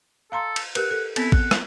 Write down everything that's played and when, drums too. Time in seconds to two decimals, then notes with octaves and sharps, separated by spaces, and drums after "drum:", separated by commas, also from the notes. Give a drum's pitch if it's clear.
0.32 A4 F5 A#5 C6
0.56 drum: cymbal
0.75 G4 A#4 B4 F#5, drum: cymbal
0.91 A4
1.16 B3 C4 E4 A4, drum: cymbal
1.32 F#5, drum: kick
1.51 drum: rim click